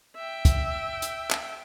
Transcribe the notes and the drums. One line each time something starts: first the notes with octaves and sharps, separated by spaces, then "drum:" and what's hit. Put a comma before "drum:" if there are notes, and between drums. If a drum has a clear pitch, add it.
E5 G5
drum: kick, hi-hat
drum: hi-hat
drum: clap